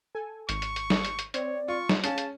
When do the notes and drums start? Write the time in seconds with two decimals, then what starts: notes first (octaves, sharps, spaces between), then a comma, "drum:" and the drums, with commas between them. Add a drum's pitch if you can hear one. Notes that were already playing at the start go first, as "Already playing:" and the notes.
0.15 A4 G#5
0.49 G#1 C#6, drum: hi-hat
0.62 drum: hi-hat
0.76 drum: hi-hat
0.90 drum: snare
1.05 drum: hi-hat
1.19 drum: hi-hat
1.34 C4 C#5 D5, drum: hi-hat
1.68 F4 C#6
1.89 drum: snare
2.04 C#4 G#4 F5 A5, drum: hi-hat
2.18 drum: hi-hat